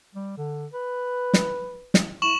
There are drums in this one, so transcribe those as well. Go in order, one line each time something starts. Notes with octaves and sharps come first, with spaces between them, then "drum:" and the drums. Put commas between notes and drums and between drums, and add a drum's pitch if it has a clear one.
G3
D3
B4
drum: snare
drum: snare
E4 C#6 E7 F#7